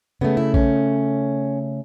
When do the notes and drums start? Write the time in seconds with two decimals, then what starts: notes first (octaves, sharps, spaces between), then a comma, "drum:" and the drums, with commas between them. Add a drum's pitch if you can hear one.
0.21 C#3 A3 B3
0.37 E4
0.54 C#4, drum: kick A#1